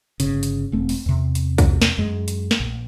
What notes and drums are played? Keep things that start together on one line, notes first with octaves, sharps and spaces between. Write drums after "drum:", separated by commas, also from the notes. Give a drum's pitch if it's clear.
G1 C#3, drum: hi-hat
drum: hi-hat
E1 A3 C4
drum: open hi-hat
E2 C3
drum: hi-hat
drum: kick, hi-hat
drum: snare
F#2 G#3
drum: hi-hat
drum: snare
A#1